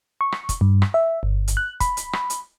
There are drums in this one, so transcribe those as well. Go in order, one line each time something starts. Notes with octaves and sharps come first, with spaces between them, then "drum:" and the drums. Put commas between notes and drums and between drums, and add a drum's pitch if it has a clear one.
C#6
drum: rim click
drum: kick, hi-hat
G2
drum: rim click
E5
G1
drum: hi-hat
F#6
B5, drum: kick, hi-hat
drum: hi-hat
drum: rim click
drum: hi-hat